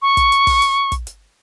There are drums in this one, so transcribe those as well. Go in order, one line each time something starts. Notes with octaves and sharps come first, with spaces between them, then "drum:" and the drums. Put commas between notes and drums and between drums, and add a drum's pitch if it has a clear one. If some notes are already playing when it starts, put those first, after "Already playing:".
C#6
drum: kick, hi-hat
drum: hi-hat
drum: kick, open hi-hat
drum: hi-hat
drum: kick, hi-hat
drum: hi-hat